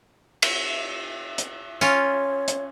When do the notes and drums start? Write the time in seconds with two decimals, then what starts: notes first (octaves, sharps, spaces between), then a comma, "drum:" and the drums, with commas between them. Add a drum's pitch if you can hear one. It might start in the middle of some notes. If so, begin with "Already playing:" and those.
0.42 drum: cymbal
1.38 drum: hi-hat
1.81 C#4 F4 C#5, drum: tambourine
2.48 drum: hi-hat